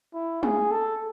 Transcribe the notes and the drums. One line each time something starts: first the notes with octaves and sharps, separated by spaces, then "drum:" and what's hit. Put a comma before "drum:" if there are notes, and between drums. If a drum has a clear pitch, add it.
E4
G#4, drum: tom
A4